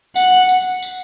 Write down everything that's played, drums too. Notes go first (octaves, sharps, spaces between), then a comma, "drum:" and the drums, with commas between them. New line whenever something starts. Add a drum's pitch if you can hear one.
F#5, drum: tambourine
drum: tambourine
drum: tambourine